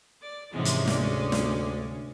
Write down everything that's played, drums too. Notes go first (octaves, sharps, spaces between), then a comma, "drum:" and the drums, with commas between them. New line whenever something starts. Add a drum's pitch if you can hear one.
D5
G#2 C3 E3 F3 G#3 C#4
drum: hi-hat
D2 D5, drum: snare
drum: snare